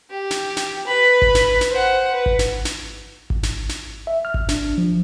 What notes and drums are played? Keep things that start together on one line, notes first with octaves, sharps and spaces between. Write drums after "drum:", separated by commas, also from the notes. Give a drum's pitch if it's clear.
G4
drum: snare
drum: snare
B4 B5
drum: kick G#1
drum: snare
drum: snare
C5 F#5
B4
drum: kick G#1
drum: snare
drum: snare
drum: kick G#1
drum: snare
drum: snare
E5
F6
drum: kick G#1
D4, drum: snare
F3